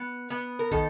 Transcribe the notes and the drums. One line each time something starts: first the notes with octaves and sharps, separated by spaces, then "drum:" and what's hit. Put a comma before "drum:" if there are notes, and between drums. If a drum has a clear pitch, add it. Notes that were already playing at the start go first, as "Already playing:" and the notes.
Already playing: B3
B3
A#4
D#3 A4, drum: kick